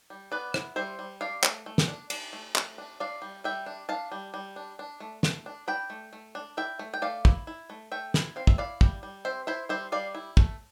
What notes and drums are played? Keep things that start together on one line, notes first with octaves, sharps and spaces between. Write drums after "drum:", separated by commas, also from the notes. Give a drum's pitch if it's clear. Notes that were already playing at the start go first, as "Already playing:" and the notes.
G3
B3 B4 D5
E4, drum: rim click
G3 C5 E5
G3
D4 D5 F5
A3, drum: clap
A3
drum: snare
D4
D4, drum: cymbal
A3
A3, drum: clap
D4
D4 D5 F5
G3
G3 E5 G5
D4
D4 F5 A5
G3
G3
D4
D4
A3
A3, drum: snare
D4
D4 G5 B5
A3
A3
D4
E4 E5 G5
A3
G5
A3 D5 F5
E4, drum: kick
E4
A3
A3 E5 G5
E4, drum: snare
C4 F5
E5, drum: kick
E4 D5 F5
G3, drum: kick
G3
C4 C5 E5
E4 C5 E5
G3 C5 E5
G3 D5 F5
E4
A3, drum: kick